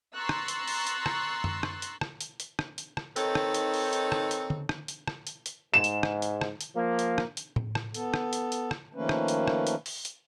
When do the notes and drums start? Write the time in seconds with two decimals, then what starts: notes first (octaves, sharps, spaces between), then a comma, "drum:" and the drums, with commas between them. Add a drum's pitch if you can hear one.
0.15 A#5 C6 C#6 E6 F#6 A6
0.29 drum: rim click
0.48 drum: hi-hat
0.67 drum: open hi-hat
0.87 drum: hi-hat
1.06 drum: rim click
1.44 drum: tom F#2
1.63 drum: rim click
1.82 drum: hi-hat
2.01 drum: rim click
2.21 drum: hi-hat
2.40 drum: hi-hat
2.59 drum: rim click
2.78 drum: hi-hat
2.97 drum: rim click
3.16 D#3 C4 D#4 A4 B4 C#5, drum: hi-hat
3.35 drum: rim click
3.54 drum: hi-hat
3.74 drum: open hi-hat
3.93 drum: hi-hat
4.12 drum: rim click
4.31 drum: hi-hat
4.50 drum: tom
4.69 drum: rim click
4.88 drum: hi-hat
5.07 drum: rim click
5.27 drum: hi-hat
5.46 drum: hi-hat
5.74 G#2 E7
5.84 drum: hi-hat
6.03 drum: rim click
6.22 drum: hi-hat
6.41 drum: rim click
6.61 drum: hi-hat
6.75 F3 A#3
6.99 drum: hi-hat
7.18 drum: rim click
7.37 drum: hi-hat
7.56 drum: tom A2
7.75 drum: rim click
7.94 B3 A4, drum: hi-hat
8.14 drum: rim click
8.33 drum: hi-hat
8.52 drum: hi-hat
8.71 drum: rim click
8.95 D#3 F3 A3 A#3 C#4 B4
9.09 drum: rim click
9.28 drum: hi-hat
9.48 drum: rim click
9.67 drum: hi-hat
9.86 drum: open hi-hat
10.05 drum: hi-hat